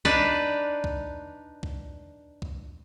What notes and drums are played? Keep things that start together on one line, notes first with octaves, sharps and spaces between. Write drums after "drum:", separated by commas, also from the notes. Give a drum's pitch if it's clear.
D4 D#4 B4 D5, drum: kick C2
drum: kick C2
drum: kick C2
drum: kick C2